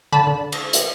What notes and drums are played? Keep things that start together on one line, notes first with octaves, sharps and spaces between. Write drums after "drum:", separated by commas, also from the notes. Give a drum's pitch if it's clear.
D3 A5 B5
D3
drum: cymbal
drum: hi-hat